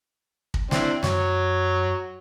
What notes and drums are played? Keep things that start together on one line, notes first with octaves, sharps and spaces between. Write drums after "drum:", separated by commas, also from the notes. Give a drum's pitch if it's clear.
drum: kick
C4 D4 E4, drum: snare
F#2 F#3 C#5, drum: snare